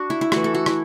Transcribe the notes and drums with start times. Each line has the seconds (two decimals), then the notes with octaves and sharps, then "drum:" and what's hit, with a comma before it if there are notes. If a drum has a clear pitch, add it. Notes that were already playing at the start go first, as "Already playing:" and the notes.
Already playing: D4 F#4
0.10 E4
0.21 E4
0.32 E3 A3 F#4, drum: rim click
0.44 A4
0.55 F#4
0.66 E4, drum: rim click